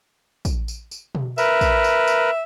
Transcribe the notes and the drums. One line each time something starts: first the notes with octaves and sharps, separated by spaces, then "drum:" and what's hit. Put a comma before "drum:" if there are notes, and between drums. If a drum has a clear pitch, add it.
drum: kick, tambourine
drum: tambourine
drum: tambourine
drum: tom B2
A#4 B4 E5, drum: tambourine
drum: kick, tambourine
drum: tambourine
drum: tambourine